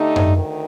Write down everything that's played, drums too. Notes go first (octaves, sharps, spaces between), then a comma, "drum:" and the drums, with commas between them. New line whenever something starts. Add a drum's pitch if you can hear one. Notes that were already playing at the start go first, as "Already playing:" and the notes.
Already playing: D3 A3 D#4 G4
drum: tom F#2
D2 D#3